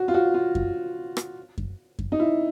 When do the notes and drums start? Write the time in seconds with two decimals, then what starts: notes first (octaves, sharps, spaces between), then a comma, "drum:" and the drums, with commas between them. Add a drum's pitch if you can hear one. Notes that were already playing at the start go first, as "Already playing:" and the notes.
Already playing: F#4
0.08 F4
0.14 F#4
0.34 F4
0.55 drum: kick F#2
1.17 drum: rim click
1.58 drum: kick F#2
1.99 drum: kick F#2
2.12 D#4
2.20 E4